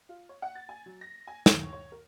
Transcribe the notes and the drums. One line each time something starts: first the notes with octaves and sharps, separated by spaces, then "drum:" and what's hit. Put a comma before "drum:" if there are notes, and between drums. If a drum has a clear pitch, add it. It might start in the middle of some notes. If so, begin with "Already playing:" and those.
F4
C#5
F#5
A6
G#5
F#3
A#6
G#5
C#5, drum: snare
C#5
A#4